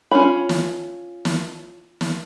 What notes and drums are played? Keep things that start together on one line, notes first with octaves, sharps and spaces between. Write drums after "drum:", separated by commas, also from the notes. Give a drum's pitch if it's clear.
C#4 E4 F4 C#5 B5
drum: snare
drum: snare
drum: snare